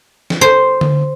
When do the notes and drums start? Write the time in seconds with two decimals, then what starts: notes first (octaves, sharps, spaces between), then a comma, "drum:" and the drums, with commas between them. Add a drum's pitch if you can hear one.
0.30 drum: snare
0.41 C5
0.81 drum: tom D3